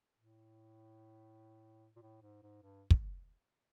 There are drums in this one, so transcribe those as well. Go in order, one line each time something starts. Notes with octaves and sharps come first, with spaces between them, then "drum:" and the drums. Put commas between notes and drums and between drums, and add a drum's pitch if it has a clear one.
A2
A#2
A2
G#2
G#2
G2
drum: kick